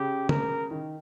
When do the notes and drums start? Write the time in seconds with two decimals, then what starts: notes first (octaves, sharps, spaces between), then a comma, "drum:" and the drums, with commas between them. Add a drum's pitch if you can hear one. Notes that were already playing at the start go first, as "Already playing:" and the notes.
Already playing: C#3 G4
0.29 A#4, drum: tom
0.71 D#3